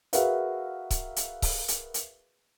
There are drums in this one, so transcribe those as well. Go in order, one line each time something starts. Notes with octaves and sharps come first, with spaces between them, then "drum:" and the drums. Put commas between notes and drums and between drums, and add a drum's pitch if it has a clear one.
F#4 G#4 A#4 B4 E5 F5, drum: hi-hat
drum: kick C#1, hi-hat
drum: hi-hat
drum: kick C#1, open hi-hat
drum: hi-hat
drum: hi-hat